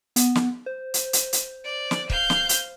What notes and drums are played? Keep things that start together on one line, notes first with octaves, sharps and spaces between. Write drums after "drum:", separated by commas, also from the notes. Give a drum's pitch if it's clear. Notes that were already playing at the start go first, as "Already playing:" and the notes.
B3, drum: hi-hat
drum: snare
C5
drum: hi-hat
drum: hi-hat
drum: hi-hat
D5
drum: snare
F5 G6, drum: kick
drum: snare
drum: hi-hat